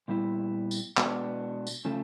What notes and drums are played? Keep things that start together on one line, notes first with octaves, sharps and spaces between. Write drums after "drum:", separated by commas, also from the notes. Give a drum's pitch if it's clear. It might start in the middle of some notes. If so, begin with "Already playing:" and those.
A#2 G3 B3 E4
drum: tambourine
B2 G#3 B3 D4 F#4, drum: clap
drum: tambourine
C#3 F3 A3